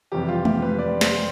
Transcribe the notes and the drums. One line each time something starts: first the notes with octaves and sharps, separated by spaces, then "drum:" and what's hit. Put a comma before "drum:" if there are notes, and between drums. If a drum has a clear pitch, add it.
F2 C3 E3 G3 G4
F4
G4, drum: tom G#3
B4
D5
C5, drum: snare